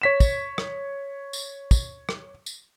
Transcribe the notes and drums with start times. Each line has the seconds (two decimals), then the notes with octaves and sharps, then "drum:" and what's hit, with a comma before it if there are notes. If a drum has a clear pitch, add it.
0.02 C#5 B6 E7
0.20 drum: kick, tambourine
0.58 drum: rim click
1.33 drum: tambourine
1.71 drum: kick, tambourine
2.09 drum: rim click
2.46 drum: tambourine